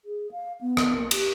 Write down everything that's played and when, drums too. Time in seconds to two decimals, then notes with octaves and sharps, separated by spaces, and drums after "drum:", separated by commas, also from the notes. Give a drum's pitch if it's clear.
0.05 G#4
0.31 F5
0.61 B3
0.77 drum: rim click
0.97 A#3
1.11 G4, drum: cymbal